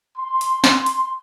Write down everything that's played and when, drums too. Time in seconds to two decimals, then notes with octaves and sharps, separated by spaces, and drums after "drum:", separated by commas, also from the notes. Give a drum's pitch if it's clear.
0.18 C6
0.41 drum: hi-hat
0.64 drum: snare
0.86 drum: hi-hat